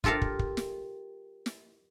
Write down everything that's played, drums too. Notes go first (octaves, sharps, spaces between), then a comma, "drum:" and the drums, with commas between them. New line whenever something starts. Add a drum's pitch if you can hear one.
F4 G4 A4 A#4 F5, drum: kick
drum: kick
drum: kick
drum: snare
drum: snare